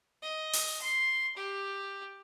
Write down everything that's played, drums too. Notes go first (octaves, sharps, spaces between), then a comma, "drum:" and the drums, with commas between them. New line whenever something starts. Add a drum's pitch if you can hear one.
D#5
drum: open hi-hat
C6
G4